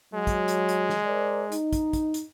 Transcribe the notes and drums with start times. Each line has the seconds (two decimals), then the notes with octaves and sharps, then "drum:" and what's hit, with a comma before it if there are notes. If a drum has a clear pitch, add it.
0.14 F#3 G#3
0.27 drum: kick, hi-hat
0.48 drum: hi-hat
0.69 drum: hi-hat
0.89 drum: snare
1.05 A#4 C5 D5
1.52 D#4, drum: hi-hat
1.73 drum: kick, hi-hat
1.93 drum: kick, hi-hat
2.14 drum: hi-hat